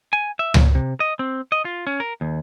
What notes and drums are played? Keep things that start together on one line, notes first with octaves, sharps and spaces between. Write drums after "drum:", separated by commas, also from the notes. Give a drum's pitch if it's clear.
G#5
E5
A#2, drum: tom C#2
C3
D#5
C4
D#5
F4
C#4
A#4
D#2